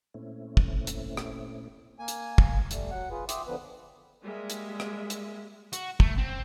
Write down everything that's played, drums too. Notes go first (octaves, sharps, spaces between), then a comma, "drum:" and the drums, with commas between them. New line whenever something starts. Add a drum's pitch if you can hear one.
A#2 A3 C4 C#4 E4
drum: kick
drum: hi-hat
drum: rim click
A#3 G#5
drum: hi-hat
drum: kick
G3 A3, drum: hi-hat
F#3 F#5
F4 G#4 B4
E5 G5 C6 D6 D#6, drum: hi-hat
D3 F3 B3 B4
G3 G#3 A#3 E5
drum: hi-hat
drum: rim click
drum: hi-hat
F#4, drum: hi-hat
A3, drum: kick
C4